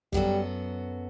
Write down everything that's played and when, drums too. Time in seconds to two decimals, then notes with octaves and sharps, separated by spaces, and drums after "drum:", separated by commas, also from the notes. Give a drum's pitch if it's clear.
0.13 F#2 F#3 G3 B3 F#4 A4, drum: kick